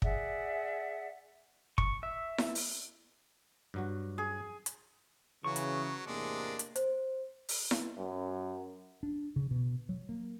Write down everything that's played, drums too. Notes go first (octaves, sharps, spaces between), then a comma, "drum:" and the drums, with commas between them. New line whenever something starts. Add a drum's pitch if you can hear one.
G#4 D5 E5 F#5, drum: kick
C#6, drum: kick
E5
drum: snare E4
drum: open hi-hat
G2 F#3 F#4
G#4
drum: hi-hat
C#3 E3 F#3 C#6
drum: hi-hat
E2 A2 C3 G#3 A#3 D4
drum: hi-hat
C5, drum: hi-hat
drum: open hi-hat
drum: snare E4
F#2
D4
C#3
B2
F#3
A#3